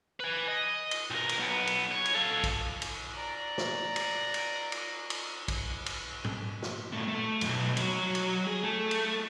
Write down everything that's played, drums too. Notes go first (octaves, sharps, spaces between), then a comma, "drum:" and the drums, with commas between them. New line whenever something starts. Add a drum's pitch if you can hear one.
B4 G#5
D#5
drum: cymbal
B1 A#4
drum: cymbal
B1 B3
drum: cymbal
C#5
drum: cymbal
A4 F5
drum: kick A#1, cymbal
drum: cymbal
D5 A#5
drum: snare
drum: cymbal
drum: cymbal
drum: cymbal
drum: cymbal
drum: kick A#1, cymbal
drum: cymbal
drum: tom G#2
drum: snare
A#2 A3
A3
B1 F2, drum: cymbal
F#3, drum: cymbal
drum: cymbal
G#4
A3
drum: cymbal